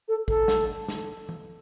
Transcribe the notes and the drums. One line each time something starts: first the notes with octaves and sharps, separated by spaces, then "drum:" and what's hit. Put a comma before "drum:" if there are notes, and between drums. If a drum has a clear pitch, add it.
A4
A4, drum: kick A1
drum: snare
drum: snare
drum: tom E3